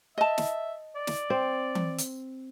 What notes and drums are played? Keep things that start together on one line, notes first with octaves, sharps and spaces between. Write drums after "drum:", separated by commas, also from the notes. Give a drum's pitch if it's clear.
D#5 E5 A5
drum: snare
D5
drum: snare
C4
drum: tom E3
drum: hi-hat